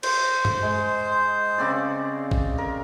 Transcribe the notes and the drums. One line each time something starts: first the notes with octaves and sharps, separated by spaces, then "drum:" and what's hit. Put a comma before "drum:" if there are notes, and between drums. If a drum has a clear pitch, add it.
C5, drum: cymbal
drum: tom G2
G#3
C#3 C4 D5
drum: kick A1
A#4